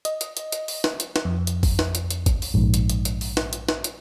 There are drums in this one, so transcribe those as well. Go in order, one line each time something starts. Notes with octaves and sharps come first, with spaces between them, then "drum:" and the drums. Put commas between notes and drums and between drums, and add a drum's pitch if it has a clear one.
D#5, drum: hi-hat
drum: hi-hat
drum: hi-hat
drum: hi-hat
drum: open hi-hat
drum: snare
drum: hi-hat
drum: snare
F2
drum: hi-hat
drum: kick G#1, open hi-hat
drum: snare
drum: hi-hat
drum: hi-hat
drum: kick G#1, hi-hat
drum: open hi-hat
A#1 G#2
drum: hi-hat
drum: hi-hat
drum: hi-hat
drum: open hi-hat
drum: snare
drum: hi-hat
drum: snare
drum: hi-hat